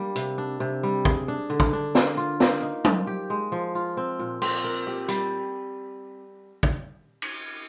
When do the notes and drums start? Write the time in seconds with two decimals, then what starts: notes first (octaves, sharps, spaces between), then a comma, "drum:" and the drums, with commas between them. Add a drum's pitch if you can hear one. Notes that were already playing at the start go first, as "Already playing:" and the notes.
Already playing: G3 A#3 D4 G4
0.16 C3, drum: hi-hat
0.38 D4
0.60 C3
0.83 G3
1.05 G#4, drum: kick
1.28 D4
1.50 D3
1.60 drum: kick
1.73 D4
1.95 A#3, drum: snare
2.17 F4
2.40 A#3, drum: snare
2.62 D#4
2.85 C5, drum: tom F#3
3.07 G4
3.30 G#3
3.52 F3
3.75 F4
3.97 C4
4.19 A#2
4.42 C4, drum: cymbal
4.64 A#4
4.87 G4
5.08 G3, drum: hi-hat
6.63 drum: kick
7.22 drum: cymbal